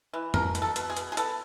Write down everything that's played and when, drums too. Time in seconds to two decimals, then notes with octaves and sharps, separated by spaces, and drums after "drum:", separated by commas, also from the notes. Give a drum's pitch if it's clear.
0.13 E3
0.34 B2 A#4, drum: tom F2
0.55 B2, drum: hi-hat
0.62 A4
0.76 B2, drum: hi-hat
0.90 G#4
0.97 B2, drum: hi-hat
1.12 G#4
1.17 B3 A4, drum: hi-hat